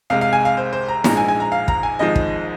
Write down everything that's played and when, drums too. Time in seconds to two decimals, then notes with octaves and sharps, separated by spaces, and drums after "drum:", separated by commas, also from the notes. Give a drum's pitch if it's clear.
0.10 C2 C3 G#3 F5
0.21 F5
0.33 G#5
0.45 F5
0.57 C5
0.73 C5
0.88 A#5
1.04 A#1 G#2 F3 G#3 A#5, drum: snare
1.17 G#5
1.28 G#5
1.40 A#5
1.52 F5
1.68 A#5, drum: kick
1.83 G#5
1.99 G#1 G#2 F3 G#3 D#5
2.16 drum: kick